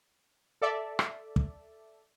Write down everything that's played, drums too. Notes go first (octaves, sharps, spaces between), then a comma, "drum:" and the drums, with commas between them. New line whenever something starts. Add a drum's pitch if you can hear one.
A4 D5 E5
drum: rim click
drum: kick